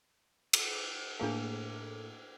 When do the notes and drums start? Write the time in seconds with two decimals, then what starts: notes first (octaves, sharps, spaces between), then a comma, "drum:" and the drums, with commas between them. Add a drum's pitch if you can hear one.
0.53 drum: cymbal
1.20 A2 A#3 D4 G#4 A4 F5